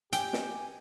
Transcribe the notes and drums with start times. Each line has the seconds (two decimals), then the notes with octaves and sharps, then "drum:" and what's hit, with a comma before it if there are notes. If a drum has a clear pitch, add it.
0.13 G4 G5 G#5, drum: hi-hat
0.33 drum: snare